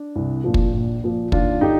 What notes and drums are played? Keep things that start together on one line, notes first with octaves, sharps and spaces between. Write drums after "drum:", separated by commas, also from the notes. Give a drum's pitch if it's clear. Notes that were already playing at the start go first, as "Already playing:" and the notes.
Already playing: D4
C2
A#2 F3
drum: kick
A#1
A#2 F3
D#2 D4 F4, drum: kick
D3 D#4 G4